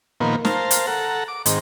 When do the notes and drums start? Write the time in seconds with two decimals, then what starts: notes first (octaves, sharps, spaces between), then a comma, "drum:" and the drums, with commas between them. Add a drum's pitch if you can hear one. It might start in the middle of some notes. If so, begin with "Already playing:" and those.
0.20 A#2 D#3 F3 A#3 B3
0.45 A#4 C5 F5 A5, drum: snare
0.71 drum: hi-hat
0.87 A4 F#5 A#5
1.28 D6
1.46 G#2 D#3 C4, drum: hi-hat